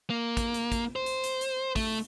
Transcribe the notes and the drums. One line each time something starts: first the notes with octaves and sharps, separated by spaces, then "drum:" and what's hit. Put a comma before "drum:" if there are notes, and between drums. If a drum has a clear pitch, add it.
A#3
drum: kick, hi-hat
drum: hi-hat
drum: kick, hi-hat
C5
drum: hi-hat
drum: hi-hat
drum: hi-hat
A3, drum: kick, open hi-hat